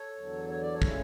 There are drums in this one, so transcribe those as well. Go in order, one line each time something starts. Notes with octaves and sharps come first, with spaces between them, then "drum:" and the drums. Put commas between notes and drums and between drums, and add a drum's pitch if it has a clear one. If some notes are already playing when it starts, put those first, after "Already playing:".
Already playing: A4 C#5
E2 D3 F#3
C#5
D5
A4 C#5
C#3 G#3 C#4 E4, drum: kick